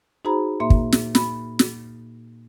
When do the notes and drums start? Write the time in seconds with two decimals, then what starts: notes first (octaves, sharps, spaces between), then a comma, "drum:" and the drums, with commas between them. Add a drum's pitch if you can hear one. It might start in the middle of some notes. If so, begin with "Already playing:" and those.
0.25 D#4 F#4 G#4 C5 A#5 B5
0.60 A#2 A#3 E5 C6
0.70 drum: kick
0.92 drum: snare
1.15 B5, drum: snare
1.59 drum: snare